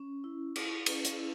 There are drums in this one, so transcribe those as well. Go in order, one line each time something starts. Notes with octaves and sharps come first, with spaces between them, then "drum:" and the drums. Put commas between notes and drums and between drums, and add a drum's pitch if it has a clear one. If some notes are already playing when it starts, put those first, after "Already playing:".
Already playing: C#4
E4
E4, drum: cymbal
C#4, drum: cymbal
drum: hi-hat
E4